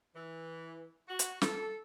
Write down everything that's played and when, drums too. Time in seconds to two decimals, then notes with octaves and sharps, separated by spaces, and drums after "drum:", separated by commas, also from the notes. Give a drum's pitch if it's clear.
0.15 E3
1.08 F#4
1.19 drum: hi-hat
1.42 A4, drum: snare